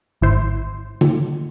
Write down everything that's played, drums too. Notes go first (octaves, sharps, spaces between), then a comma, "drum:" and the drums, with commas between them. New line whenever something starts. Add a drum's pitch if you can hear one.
G#1 E4 C5
drum: tom